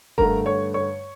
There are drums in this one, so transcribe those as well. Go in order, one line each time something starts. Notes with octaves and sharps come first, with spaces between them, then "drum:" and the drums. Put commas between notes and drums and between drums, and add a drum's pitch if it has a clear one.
G2 D3 A3 A#4 A#5, drum: kick F1
C#5 C#6
C#5 C#6